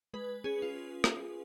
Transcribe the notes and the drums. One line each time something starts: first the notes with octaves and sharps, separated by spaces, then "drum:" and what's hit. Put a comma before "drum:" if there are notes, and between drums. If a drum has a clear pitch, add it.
G#3 B4
C#4 G#4
F4
drum: rim click